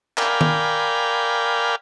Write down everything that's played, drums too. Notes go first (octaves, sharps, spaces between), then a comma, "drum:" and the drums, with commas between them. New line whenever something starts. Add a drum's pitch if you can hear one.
A#4 D5 F5 G5 G#5 B5, drum: clap
drum: tom D#3